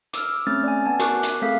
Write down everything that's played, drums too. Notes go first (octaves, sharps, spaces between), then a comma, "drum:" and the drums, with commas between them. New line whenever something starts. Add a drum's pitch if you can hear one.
D6 E6 F6, drum: hi-hat
A3 C4 C#4 F6 A6
D5 G#5
B3 G#5 A5
F#4 A#4 C#6 D6 F#6, drum: hi-hat
drum: hi-hat
A3 C4 G#4 A4 F5 B6